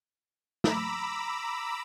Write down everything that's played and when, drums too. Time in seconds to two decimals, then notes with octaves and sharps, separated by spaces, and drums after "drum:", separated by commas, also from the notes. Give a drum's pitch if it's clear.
0.64 A#5 B5 D6 E6, drum: snare